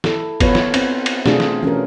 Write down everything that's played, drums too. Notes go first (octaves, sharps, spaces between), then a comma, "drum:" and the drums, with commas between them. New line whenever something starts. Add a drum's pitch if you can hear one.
E4 A4, drum: snare
B3 F4 B4 C#5, drum: kick F#1, cymbal
drum: snare
C4, drum: cymbal
drum: cymbal
B2 A3 C4 D4 F4 G#4, drum: snare
drum: snare
E3 C#4 F4 A#4